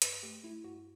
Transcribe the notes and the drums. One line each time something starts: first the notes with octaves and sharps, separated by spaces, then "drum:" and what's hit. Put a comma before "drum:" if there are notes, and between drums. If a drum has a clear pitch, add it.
G2 B4, drum: hi-hat
A3 G4
A3 E4
G2 F#4